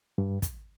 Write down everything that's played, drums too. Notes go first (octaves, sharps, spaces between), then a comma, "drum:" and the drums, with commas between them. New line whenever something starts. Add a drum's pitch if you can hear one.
G2
drum: kick, hi-hat